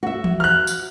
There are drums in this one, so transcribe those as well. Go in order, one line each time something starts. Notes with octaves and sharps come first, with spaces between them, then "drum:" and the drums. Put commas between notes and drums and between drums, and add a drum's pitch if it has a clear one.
F#4 E5
drum: tom E3
F6 F#6
drum: tambourine